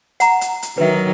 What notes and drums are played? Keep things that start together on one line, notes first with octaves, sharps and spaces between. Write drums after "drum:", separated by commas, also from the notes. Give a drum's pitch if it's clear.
F#5 A#5, drum: hi-hat
drum: hi-hat
drum: hi-hat
D#3 F#3 B4 E5